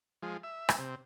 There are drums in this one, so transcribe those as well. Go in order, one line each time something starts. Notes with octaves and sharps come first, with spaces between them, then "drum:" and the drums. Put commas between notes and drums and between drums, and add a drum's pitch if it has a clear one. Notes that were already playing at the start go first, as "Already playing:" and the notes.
F3 G#3
E5
drum: rim click
C3